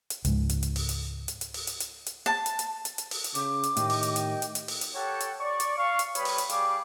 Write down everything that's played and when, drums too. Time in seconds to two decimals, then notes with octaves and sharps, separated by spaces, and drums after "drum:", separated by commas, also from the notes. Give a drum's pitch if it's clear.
0.10 drum: hi-hat
0.25 C#2 G#2, drum: hi-hat
0.49 drum: hi-hat
0.63 drum: hi-hat
0.76 drum: open hi-hat
0.89 drum: hi-hat
1.28 drum: hi-hat
1.41 drum: hi-hat
1.54 drum: open hi-hat
1.67 drum: hi-hat
1.80 drum: hi-hat
2.06 drum: hi-hat
2.26 A5
2.46 drum: hi-hat
2.59 drum: hi-hat
2.85 drum: hi-hat
2.98 drum: hi-hat
3.11 drum: open hi-hat
3.24 drum: hi-hat
3.35 C#3 D6, drum: hi-hat
3.63 drum: hi-hat
3.77 A2 D#3 G4 D#5 G5, drum: hi-hat
3.90 drum: open hi-hat
4.03 drum: hi-hat
4.16 drum: hi-hat
4.42 drum: hi-hat
4.55 drum: hi-hat
4.68 drum: open hi-hat
4.81 drum: hi-hat
4.95 G4 A4 C#5 F#5 G5
5.20 drum: hi-hat
5.40 D5 C#6
5.60 drum: hi-hat
5.77 F5 C#6
5.99 drum: hi-hat
6.15 G3 B4 C#5 B5 D#6, drum: hi-hat
6.25 drum: open hi-hat
6.38 drum: hi-hat
6.50 G3 G#4 F5 D6, drum: hi-hat